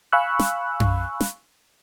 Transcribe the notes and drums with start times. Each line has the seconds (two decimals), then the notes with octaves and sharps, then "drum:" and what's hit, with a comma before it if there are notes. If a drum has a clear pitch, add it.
0.12 F5 G#5 B5 C#6 E6 F#6
0.39 drum: snare
0.80 drum: tom F#2
1.21 drum: snare